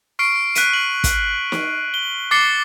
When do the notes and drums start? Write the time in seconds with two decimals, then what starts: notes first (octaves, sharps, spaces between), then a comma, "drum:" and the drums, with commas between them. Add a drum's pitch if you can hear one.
0.19 C#6 F6 C7 D7
0.55 F#6 B6 D#7, drum: hi-hat
0.73 F#7
1.04 drum: kick, hi-hat
1.52 drum: snare
1.94 G7
2.31 D6 A6 C7 C#7 G7